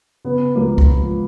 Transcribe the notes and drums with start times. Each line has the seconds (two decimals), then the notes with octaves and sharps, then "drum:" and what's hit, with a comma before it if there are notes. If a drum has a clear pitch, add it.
0.25 C#3 B3
0.55 C#2 A#3
0.78 drum: kick C#2
0.88 F3